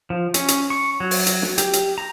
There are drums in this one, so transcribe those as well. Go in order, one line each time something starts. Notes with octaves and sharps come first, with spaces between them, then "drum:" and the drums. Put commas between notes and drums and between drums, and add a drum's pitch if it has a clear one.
F3
C#4, drum: hi-hat
drum: hi-hat
C#6
F#3
drum: open hi-hat
drum: hi-hat
drum: snare
G4, drum: hi-hat
drum: hi-hat
A#5